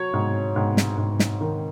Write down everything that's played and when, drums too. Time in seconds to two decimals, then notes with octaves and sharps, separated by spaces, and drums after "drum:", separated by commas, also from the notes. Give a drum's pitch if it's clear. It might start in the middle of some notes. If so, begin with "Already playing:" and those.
Already playing: F#3 C#5
0.13 G#2
0.56 G#2
0.77 drum: snare
0.98 G#2
1.19 drum: snare
1.41 D#3